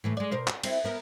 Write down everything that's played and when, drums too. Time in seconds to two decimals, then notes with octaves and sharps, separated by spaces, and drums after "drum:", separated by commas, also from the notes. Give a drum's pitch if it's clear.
0.04 A2 E3 A3
0.17 G#3 D5
0.32 B2 A#4 C5
0.47 F#4, drum: clap
0.64 C4 E4, drum: cymbal
0.84 B3 A#4